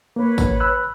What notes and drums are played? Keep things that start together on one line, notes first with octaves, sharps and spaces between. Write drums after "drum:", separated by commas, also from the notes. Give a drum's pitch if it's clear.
A#3 B4 C#5
drum: kick A1, tambourine
B5 E6 F#6